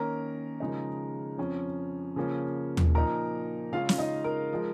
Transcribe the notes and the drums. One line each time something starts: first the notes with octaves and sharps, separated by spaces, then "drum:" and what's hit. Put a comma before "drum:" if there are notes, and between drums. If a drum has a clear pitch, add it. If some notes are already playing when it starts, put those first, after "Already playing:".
Already playing: D#3 A#3 C#4 A#4 A#5
C#3 F3 G#3 D#4
F2 F3 C#4
C#3 F3 A#3 C#4
drum: tom D#2
A#2 F3 A#3 D#4 A#4 A#5
C#3 G#3 C#4 F4 F5
drum: snare
D#4 D#5
A#4
F3 G#3